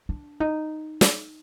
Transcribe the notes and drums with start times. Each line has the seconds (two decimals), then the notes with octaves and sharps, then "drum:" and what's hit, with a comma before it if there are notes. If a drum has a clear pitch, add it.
0.09 D4
0.40 D#4
1.01 drum: snare